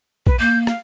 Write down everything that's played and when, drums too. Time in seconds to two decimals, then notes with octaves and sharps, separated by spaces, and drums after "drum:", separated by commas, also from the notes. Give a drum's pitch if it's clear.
0.27 B4, drum: kick
0.39 A#3 G6
0.67 F5, drum: rim click